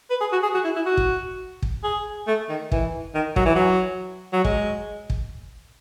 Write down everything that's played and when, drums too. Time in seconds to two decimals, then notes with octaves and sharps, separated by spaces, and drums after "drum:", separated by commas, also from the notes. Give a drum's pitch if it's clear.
0.10 B4
0.21 G#4
0.32 F#4
0.43 G#4
0.54 F#4
0.64 E4
0.76 E4
0.86 F#4
0.97 drum: kick
1.62 drum: kick
1.84 G#4
2.27 A3
2.49 D#3
2.72 E3, drum: kick
3.15 D#3
3.36 F#3, drum: kick
3.46 E3
3.56 F#3
4.33 F#3
4.44 G#3, drum: kick
5.10 drum: kick